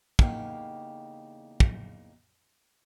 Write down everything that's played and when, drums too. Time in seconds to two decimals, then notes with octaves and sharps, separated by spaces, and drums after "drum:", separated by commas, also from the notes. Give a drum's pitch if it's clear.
0.19 E2 C#3 A#3 D#4 G4, drum: kick
1.60 drum: kick